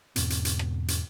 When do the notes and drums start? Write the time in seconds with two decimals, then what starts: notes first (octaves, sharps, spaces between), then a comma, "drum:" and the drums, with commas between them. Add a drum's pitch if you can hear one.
0.16 E2 G#2 B2 C4, drum: hi-hat
0.30 drum: hi-hat
0.45 drum: hi-hat
0.59 drum: rim click
0.88 drum: hi-hat